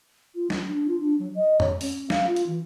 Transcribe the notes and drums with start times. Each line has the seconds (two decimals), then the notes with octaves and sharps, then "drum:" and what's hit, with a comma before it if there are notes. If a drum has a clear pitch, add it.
0.35 F4
0.50 F#3, drum: snare
0.68 D4
0.88 F4
1.00 D4
1.19 F#3
1.35 D#5
1.60 C#5, drum: tom F2
1.81 C#4, drum: open hi-hat
2.10 F5, drum: snare
2.27 F4
2.36 drum: hi-hat
2.47 E3